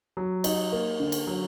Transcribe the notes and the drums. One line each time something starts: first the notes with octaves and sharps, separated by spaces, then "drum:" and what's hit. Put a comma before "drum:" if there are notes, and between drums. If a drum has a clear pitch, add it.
F#3
D#4, drum: cymbal
A#3
D3
drum: cymbal
F#3